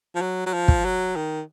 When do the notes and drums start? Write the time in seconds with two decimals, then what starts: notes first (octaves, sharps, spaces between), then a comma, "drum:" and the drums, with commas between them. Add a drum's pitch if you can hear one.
0.15 F3
0.21 F#3
0.46 F#3
0.53 F3
0.68 drum: kick
0.85 F#3
1.16 D#3